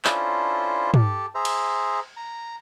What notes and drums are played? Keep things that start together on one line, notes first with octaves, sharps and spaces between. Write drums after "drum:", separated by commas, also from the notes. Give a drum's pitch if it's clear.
C#4 D4 E4 F4 A4 C5, drum: clap
G4 A4, drum: tom
G#4 C5 E5 A#5
drum: cymbal
A#5